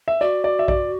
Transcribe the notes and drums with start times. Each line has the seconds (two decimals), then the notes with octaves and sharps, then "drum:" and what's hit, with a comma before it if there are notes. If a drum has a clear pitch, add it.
0.08 E5
0.21 F#4 D5
0.44 D5
0.59 E5
0.68 D5, drum: kick A#1